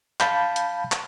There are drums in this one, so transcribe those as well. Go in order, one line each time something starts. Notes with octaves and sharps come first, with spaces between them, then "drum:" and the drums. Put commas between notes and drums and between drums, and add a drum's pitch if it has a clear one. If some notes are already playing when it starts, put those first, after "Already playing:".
F5 A5 B5 G6, drum: clap
drum: hi-hat
drum: clap